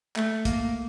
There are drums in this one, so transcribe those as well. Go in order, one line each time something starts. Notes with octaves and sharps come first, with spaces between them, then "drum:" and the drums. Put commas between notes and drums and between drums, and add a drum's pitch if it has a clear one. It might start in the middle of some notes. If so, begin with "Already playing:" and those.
A3, drum: clap
A#3, drum: kick, hi-hat